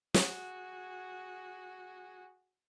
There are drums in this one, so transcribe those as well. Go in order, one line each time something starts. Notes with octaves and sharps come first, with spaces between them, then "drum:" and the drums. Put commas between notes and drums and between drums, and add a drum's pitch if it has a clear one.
F#4 G#4, drum: snare